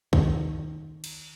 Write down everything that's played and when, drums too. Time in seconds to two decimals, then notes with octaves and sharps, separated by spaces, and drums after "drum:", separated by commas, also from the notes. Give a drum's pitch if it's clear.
0.13 D#3, drum: kick
1.04 drum: cymbal